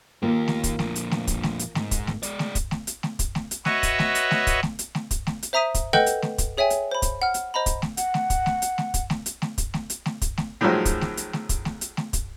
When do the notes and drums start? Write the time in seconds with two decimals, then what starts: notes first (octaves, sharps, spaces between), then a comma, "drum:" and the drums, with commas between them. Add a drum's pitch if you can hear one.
0.23 D#2 A#3 F4 G4
0.48 drum: snare A3
0.64 drum: kick, hi-hat
0.79 F2 A#2, drum: snare A3
0.95 drum: hi-hat
1.11 drum: snare A3
1.27 drum: kick, hi-hat
1.43 drum: snare A3
1.59 drum: hi-hat
1.75 G#2, drum: snare A3
1.91 drum: kick, hi-hat
2.07 drum: snare A3
2.23 G#3 D5, drum: hi-hat
2.39 drum: snare A3
2.55 drum: kick, hi-hat
2.71 drum: snare A3
2.87 drum: hi-hat
3.03 drum: snare A3
3.19 drum: kick, hi-hat
3.35 drum: snare A3
3.51 drum: hi-hat
3.65 F#4 B4 C#5 D#5 E5, drum: snare A3
3.83 drum: kick, hi-hat
3.99 drum: snare A3
4.15 drum: hi-hat
4.31 drum: snare A3
4.47 drum: kick, hi-hat
4.63 drum: snare A3
4.79 drum: hi-hat
4.95 drum: snare A3
5.11 drum: kick, hi-hat
5.27 drum: snare A3
5.43 drum: hi-hat
5.53 C5 E5 A#5 D#6 B6 D#7
5.74 drum: kick, hi-hat
5.93 A4 B4 D#5 F#5 G5 G6, drum: snare A3
6.06 drum: hi-hat
6.22 drum: snare A3
6.38 drum: kick, hi-hat
6.57 G#4 C#5 E5 G5 G#5
6.70 drum: hi-hat
6.91 C5 B5
7.02 drum: kick, hi-hat
7.22 F#5 F6
7.34 drum: hi-hat
7.54 C5 D#5 A#5 B5
7.66 drum: kick, hi-hat
7.82 drum: snare A3
7.97 F#5, drum: hi-hat
8.14 drum: snare A3
8.30 drum: kick, hi-hat
8.46 drum: snare A3
8.62 drum: hi-hat
8.78 drum: snare A3
8.94 drum: kick, hi-hat
9.10 drum: snare A3
9.26 drum: hi-hat
9.42 drum: snare A3
9.58 drum: kick, hi-hat
9.74 drum: snare A3
9.90 drum: hi-hat
10.06 drum: snare A3
10.22 drum: kick, hi-hat
10.37 drum: snare A3
10.61 A2 D#3 F3 F#3 G#3
10.85 drum: kick, hi-hat
11.01 drum: snare A3
11.17 drum: hi-hat
11.33 drum: snare A3
11.49 drum: kick, hi-hat
11.65 drum: snare A3
11.81 drum: hi-hat
11.97 drum: snare A3
12.13 drum: kick, hi-hat